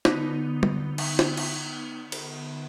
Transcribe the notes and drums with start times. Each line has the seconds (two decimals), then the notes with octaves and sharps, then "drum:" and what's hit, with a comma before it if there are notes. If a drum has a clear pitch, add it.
0.05 D3 B3 D#4, drum: snare
0.63 drum: tom
0.98 drum: cymbal
1.19 drum: snare
1.37 drum: cymbal
2.12 drum: cymbal